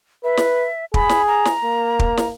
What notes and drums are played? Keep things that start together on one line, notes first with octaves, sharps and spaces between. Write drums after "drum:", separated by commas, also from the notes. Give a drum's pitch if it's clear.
B4 E5
drum: snare
G#4 B5, drum: kick
drum: snare
A#5
drum: snare
A#3
drum: kick
drum: snare